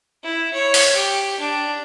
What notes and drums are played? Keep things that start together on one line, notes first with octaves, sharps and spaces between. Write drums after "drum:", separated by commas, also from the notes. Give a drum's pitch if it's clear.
E4
C#5
drum: open hi-hat
G4
D4